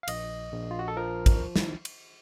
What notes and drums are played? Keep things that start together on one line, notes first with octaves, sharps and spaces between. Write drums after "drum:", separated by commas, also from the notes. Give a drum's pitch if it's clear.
F5
A#1 D#5, drum: cymbal
A#1
F4
F#4
A4
F3 A#4
drum: kick, cymbal
drum: snare
drum: cymbal